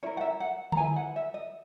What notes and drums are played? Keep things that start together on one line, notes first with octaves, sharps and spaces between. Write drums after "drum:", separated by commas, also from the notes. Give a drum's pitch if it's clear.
C#4 E4 A#4 C#5
F#5
E5
F#5
A#5, drum: tom D3
E4 G#4 B4 G#5
F#5
E5
D#5